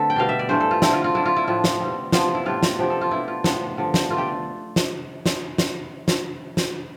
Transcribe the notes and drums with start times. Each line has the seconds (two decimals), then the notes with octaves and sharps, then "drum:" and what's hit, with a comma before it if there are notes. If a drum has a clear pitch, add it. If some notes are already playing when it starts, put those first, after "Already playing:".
Already playing: D3 A3 C4 A4 B4
0.10 G5
0.16 B2 G3 D4 F5
0.29 E5
0.39 D5
0.49 G2 E3 A3 C5
0.60 A4
0.71 F4
0.82 D3 A3 C4 E4, drum: snare
0.93 F4
1.04 F4
1.15 D3 A3 D4 E4
1.26 F4
1.37 E4
1.47 A2 F3 C4 F4
1.64 drum: snare
1.80 B2 G3 C4
2.12 C3 F3 B3 D4 F4, drum: snare
2.35 E4
2.46 A2 G3 D4 F4
2.63 drum: snare
2.79 C3 F3 B3 G4
2.90 A4
3.01 F4
3.11 B2 A3 D4 E4
3.28 F4
3.44 A2 F3 B3, drum: snare
3.77 G2 D3 F3
3.94 drum: snare
4.10 B2 A3 D4 F4
4.18 G4
4.76 drum: snare
5.26 drum: snare
5.58 drum: snare
6.08 drum: snare
6.57 drum: snare